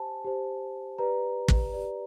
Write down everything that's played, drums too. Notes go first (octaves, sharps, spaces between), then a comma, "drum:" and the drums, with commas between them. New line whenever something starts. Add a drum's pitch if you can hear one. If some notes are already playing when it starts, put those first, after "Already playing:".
Already playing: G4 C5 G#5 A5
G4 C5
G4 B4 D5 A#5
drum: kick
G4 B4 D5